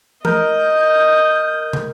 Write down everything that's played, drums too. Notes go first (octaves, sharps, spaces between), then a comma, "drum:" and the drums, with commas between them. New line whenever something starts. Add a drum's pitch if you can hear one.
A#4 D#5 G6, drum: tom E3
drum: tom